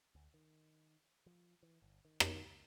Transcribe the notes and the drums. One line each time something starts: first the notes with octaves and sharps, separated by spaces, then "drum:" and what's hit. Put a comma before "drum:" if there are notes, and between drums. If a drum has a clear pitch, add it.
D2
D#3
F3
E3
G1
D#3
A#1, drum: rim click
C#2